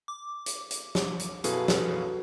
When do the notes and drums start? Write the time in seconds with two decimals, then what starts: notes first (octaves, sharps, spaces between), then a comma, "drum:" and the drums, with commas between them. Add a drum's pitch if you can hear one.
0.08 D6
0.46 drum: hi-hat
0.71 drum: hi-hat
0.95 drum: snare
1.19 drum: hi-hat
1.44 F#2 B2 E4 F#4 G#4 A4 B4 F5, drum: hi-hat
1.68 drum: snare